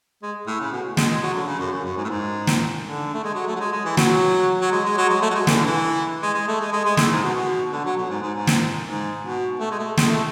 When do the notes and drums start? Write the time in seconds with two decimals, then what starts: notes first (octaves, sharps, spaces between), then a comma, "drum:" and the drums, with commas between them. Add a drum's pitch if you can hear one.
0.23 G#3
0.47 A2
0.60 C#3
0.72 B2
0.97 G#3, drum: snare
1.10 G#3
1.22 F#3
1.34 D3
1.47 C#3
1.60 F#2
1.72 F#2
1.84 F#2
1.97 G#2
2.04 A2
2.09 G#2
2.47 drum: snare
2.85 D3
3.14 A3
3.24 G#3
3.35 F#3
3.47 A3
3.56 F#3
3.60 G#3
3.72 G#3
3.85 E3
3.97 F#3, drum: snare
4.61 F#3
4.72 G#3
4.85 G#3
4.97 F#3
5.10 G#3
5.22 A3
5.30 F#3
5.35 G#3
5.47 E3, drum: snare
5.56 D3
5.65 E3
6.23 G#3
6.34 G#3
6.48 A3
6.60 G#3
6.72 G#3
6.85 G#3
6.97 A2, drum: snare
7.10 G#2
7.23 B2
7.35 B2
7.72 D3
7.85 F#3
7.97 B2
8.10 G#2
8.22 G#2
8.35 G#2
8.47 drum: snare
8.85 G#2
9.22 B2
9.60 A3
9.71 G#3
9.79 A3
9.97 G#3, drum: snare
10.09 A3